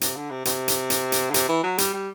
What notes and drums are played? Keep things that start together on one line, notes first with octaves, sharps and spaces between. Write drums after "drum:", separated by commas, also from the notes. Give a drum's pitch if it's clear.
C3, drum: hi-hat
D3
C3
C3, drum: hi-hat
drum: hi-hat
drum: hi-hat
drum: hi-hat
D3
C3, drum: hi-hat
E3
F#3
G3, drum: hi-hat
G3